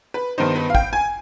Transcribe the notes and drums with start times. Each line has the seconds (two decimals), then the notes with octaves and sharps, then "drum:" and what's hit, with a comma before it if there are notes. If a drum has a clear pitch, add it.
0.14 B4
0.38 G2 D#3 B3 D#4 C5
0.56 B4
0.70 F5
0.75 G5, drum: kick
0.93 G#5